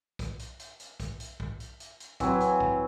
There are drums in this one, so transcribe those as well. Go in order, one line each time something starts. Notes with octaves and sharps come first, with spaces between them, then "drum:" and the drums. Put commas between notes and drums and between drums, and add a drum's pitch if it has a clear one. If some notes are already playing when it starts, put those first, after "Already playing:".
drum: kick, hi-hat
drum: hi-hat
drum: hi-hat
drum: hi-hat
drum: kick, hi-hat
drum: hi-hat
drum: kick
drum: hi-hat
drum: hi-hat
drum: hi-hat
E3 F#3 C4, drum: kick, hi-hat
drum: hi-hat
drum: kick